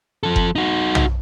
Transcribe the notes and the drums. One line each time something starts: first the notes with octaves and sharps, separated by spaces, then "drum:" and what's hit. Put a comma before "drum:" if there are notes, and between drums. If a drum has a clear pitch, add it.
F3 A4
drum: kick F#1
D#4 F#4
drum: tom B1